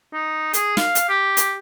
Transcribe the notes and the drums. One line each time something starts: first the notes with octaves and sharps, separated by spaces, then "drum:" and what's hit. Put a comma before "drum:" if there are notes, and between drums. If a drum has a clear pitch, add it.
D#4
G#4, drum: hi-hat
F5, drum: snare
drum: hi-hat
G4
drum: hi-hat